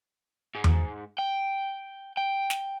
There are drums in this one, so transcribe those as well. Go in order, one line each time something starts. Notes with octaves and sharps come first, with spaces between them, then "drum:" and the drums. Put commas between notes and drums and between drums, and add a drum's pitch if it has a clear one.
G#2
drum: tom E2
G5
G5
drum: snare